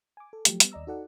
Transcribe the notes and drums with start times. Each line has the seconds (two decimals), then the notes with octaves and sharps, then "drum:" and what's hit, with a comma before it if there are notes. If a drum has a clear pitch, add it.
0.17 G#5 D6
0.33 A4
0.45 F3 F#3 A3 G4, drum: hi-hat
0.60 G3 B3, drum: hi-hat
0.72 D#2 D5 D#5 A#5 E6
0.87 D#4 F#4 A4 D5 F#5